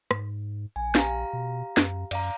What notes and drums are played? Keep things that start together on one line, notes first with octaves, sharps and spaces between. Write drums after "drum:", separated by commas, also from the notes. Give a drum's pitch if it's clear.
G#2, drum: rim click
A#1 G#5
G4 F5 A#5, drum: snare
B2
F#2, drum: snare
F#2 D5 F5 A#5, drum: cymbal